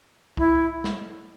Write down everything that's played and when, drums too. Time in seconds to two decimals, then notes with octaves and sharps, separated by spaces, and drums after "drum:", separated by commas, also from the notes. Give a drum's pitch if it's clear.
0.37 E4, drum: kick
0.84 drum: snare